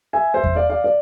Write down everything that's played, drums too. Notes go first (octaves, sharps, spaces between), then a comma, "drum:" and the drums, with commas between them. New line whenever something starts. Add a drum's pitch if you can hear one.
E5 G#5
C5 E5
drum: kick E2
D5 F5
D5 F5
D5